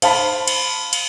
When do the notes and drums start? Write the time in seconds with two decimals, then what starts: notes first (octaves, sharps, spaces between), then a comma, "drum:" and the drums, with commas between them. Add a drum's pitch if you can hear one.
0.02 C5 F5 A5 B5, drum: cymbal
0.47 drum: cymbal
0.93 drum: cymbal